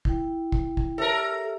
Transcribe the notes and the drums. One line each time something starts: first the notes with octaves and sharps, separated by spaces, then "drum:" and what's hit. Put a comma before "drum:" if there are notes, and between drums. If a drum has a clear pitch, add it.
E4 G5, drum: kick
drum: kick
drum: kick
G4 A4 A#4 C#5 E5